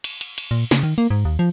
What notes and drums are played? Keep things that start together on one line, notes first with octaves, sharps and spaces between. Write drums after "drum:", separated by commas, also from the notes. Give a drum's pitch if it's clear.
drum: cymbal
drum: cymbal
drum: cymbal
A#2
C#3, drum: snare
D#3
A#3
G#2
D#2
F3